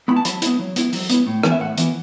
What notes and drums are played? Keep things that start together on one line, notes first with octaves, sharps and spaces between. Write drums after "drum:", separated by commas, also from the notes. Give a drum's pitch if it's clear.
B3 E4 B5
A5
F#3 B5, drum: hi-hat
B3 E4, drum: hi-hat
F#3
B3 E4, drum: hi-hat
F#3, drum: open hi-hat
B3 E4, drum: hi-hat
A2
E3 B3 E4, drum: rim click
E5
A2 F#5
E3 B3 E4, drum: hi-hat